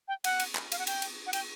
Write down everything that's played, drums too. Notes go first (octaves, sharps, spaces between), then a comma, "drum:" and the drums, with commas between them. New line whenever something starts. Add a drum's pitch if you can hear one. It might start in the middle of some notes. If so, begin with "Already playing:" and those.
G5
F#5, drum: cymbal
drum: cymbal
drum: clap
F5, drum: cymbal
F#5
G5, drum: cymbal
drum: cymbal
F#5
G5, drum: cymbal